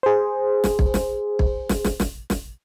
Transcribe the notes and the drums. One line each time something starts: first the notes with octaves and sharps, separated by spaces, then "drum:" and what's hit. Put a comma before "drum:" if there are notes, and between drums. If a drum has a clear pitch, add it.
G#4 C5
drum: snare
drum: kick
drum: snare
drum: kick
drum: snare
drum: snare
drum: snare
drum: snare